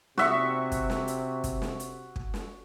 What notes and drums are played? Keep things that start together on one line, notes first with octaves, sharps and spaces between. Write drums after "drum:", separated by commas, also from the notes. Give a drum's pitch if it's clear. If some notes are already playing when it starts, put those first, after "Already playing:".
C3 F#4 E5 C#6, drum: snare
drum: kick, hi-hat
drum: snare
drum: hi-hat
drum: kick, hi-hat
drum: snare
drum: hi-hat
drum: kick
drum: snare